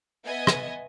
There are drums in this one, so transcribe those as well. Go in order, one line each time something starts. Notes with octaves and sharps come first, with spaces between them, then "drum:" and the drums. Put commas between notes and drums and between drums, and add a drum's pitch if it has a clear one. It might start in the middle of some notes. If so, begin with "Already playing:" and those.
B3 D#5 E5 G#5
drum: rim click